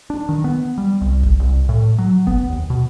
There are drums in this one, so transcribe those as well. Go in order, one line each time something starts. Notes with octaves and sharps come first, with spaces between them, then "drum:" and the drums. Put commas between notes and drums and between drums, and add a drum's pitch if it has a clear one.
D4
D#3
B3
G3
C2
drum: kick F#1
C2
A2
F#3
B3, drum: kick F#1
D#2
B2